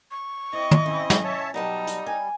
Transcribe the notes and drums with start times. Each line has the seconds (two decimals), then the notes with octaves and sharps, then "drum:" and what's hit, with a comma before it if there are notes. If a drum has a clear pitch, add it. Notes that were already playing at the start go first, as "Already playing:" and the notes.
0.11 C#6
0.53 C4 E4 D#5
0.71 drum: tom
0.86 C4 C#4 E4
1.10 drum: snare
1.24 C#5 E5 A5
1.54 B2 F#3 G3 D#4 A5
1.87 drum: hi-hat
2.07 G#5